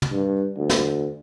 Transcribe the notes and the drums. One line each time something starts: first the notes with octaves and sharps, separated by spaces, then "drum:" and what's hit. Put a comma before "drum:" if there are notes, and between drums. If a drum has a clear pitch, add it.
drum: tom
G2
D2
drum: snare